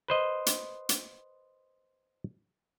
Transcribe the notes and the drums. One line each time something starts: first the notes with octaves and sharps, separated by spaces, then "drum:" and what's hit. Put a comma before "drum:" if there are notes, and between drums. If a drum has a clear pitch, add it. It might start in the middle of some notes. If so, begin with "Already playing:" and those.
B4 C5 D#5
drum: hi-hat
drum: hi-hat